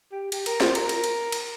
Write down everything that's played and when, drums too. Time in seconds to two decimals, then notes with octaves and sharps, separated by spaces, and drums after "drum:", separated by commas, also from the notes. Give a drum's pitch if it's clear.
0.12 G4
0.32 G4, drum: cymbal
0.46 A#4, drum: cymbal
0.60 C5, drum: snare
0.75 A#4, drum: cymbal
0.89 drum: cymbal
1.04 drum: cymbal
1.32 drum: cymbal